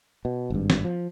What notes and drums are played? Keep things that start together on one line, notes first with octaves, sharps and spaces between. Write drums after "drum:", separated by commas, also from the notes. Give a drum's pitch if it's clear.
B2
G#1 G2
drum: snare
F3